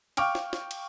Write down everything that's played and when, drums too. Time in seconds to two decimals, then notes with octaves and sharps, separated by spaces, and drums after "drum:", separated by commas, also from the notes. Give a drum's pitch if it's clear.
0.17 F5 G5 C#6 D6 F6 D7, drum: cymbal
0.35 drum: snare
0.53 drum: snare
0.71 drum: cymbal